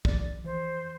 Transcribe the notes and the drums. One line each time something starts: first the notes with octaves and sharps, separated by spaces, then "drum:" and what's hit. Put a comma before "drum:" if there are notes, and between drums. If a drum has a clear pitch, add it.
F2 D5, drum: kick
E3 C5